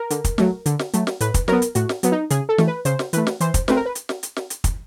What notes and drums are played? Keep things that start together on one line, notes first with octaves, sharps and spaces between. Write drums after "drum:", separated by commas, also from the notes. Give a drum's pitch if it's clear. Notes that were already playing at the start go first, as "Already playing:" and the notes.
Already playing: A#4
D3, drum: hi-hat
drum: kick, hi-hat
F#3 A3, drum: snare
D3, drum: hi-hat
drum: snare
F#3 A3, drum: hi-hat
drum: snare
A2 B4, drum: hi-hat
drum: kick, hi-hat
F#3 B3 A#4, drum: snare
drum: hi-hat
A2 F#4, drum: hi-hat
drum: snare
F#3 B3, drum: hi-hat
D#4
C#3 G#4, drum: hi-hat
A4
E3 A3, drum: snare
B4
C#3 C5, drum: hi-hat
drum: snare
E3 A3 B4, drum: hi-hat
drum: snare
E3 C5, drum: hi-hat
drum: kick, hi-hat
A3 C4 B4, drum: snare
A#4
B4
drum: hi-hat
drum: snare
drum: hi-hat
drum: snare
drum: hi-hat
drum: kick, hi-hat